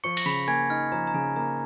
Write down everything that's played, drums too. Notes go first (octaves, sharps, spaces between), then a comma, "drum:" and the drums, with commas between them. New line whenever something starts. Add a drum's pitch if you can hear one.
F3 C#6 C#7
A#6, drum: open hi-hat
C#3 B5 B6
A#3 G#5 G#6
D#4 F6
F3 A#5
A#5
C#3 G#5
A#3 A#5